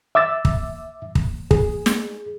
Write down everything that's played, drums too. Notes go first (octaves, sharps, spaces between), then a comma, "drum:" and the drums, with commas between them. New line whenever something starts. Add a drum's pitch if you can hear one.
E5 D6 E6 A6
drum: kick
drum: kick
G#4, drum: kick
drum: snare